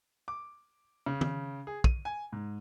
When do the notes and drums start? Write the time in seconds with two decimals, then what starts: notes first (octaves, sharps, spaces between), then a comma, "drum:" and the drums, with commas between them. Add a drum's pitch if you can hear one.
0.28 D6
1.06 C#3
1.21 drum: tom
1.67 G#4
1.84 D#7, drum: kick
2.05 G#5
2.32 G#2